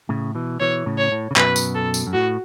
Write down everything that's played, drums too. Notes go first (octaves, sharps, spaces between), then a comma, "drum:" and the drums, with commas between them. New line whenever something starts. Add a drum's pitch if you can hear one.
A2 C#3
B2 E3
B2 E3 C#5
A2 C#3
C#5
A2
C#3
F#2 B2 B4, drum: clap
drum: tambourine
A4
drum: tambourine
F#2
A2 F#4